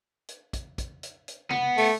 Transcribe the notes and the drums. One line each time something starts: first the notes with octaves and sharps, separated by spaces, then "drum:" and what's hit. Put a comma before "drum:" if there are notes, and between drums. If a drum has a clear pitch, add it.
drum: hi-hat
drum: kick, hi-hat
drum: kick, hi-hat
drum: hi-hat
drum: hi-hat
B3, drum: tom
A3, drum: open hi-hat